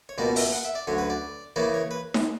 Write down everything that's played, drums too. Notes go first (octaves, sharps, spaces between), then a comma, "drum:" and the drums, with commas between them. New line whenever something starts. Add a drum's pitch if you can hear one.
C#5
C#2 B2 G3 A#3 D5
E5, drum: open hi-hat
F#5
E5
D5
D2 D3 F#3 C#4 C#5
B4
D5
C#3 E3 A#3 C#4 D5
C#5
B4
drum: snare D#4